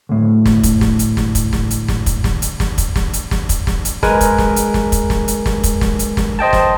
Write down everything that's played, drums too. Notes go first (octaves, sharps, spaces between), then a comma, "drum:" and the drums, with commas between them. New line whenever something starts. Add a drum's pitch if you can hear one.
D2 A2
drum: snare
drum: kick, hi-hat
drum: snare
drum: hi-hat
drum: snare
drum: kick, hi-hat
drum: snare
drum: hi-hat
drum: snare
drum: kick, hi-hat
drum: snare
drum: hi-hat
drum: snare
drum: kick, hi-hat
drum: snare
drum: hi-hat
drum: snare
drum: kick, hi-hat
drum: snare
drum: hi-hat
G#3 A#4 B4 G#5, drum: snare
drum: kick, hi-hat
drum: snare
drum: hi-hat
drum: snare
drum: kick, hi-hat
drum: snare
drum: hi-hat
drum: snare
drum: kick, hi-hat
drum: snare
drum: hi-hat
drum: snare
C5 D#5 G5 A5
drum: snare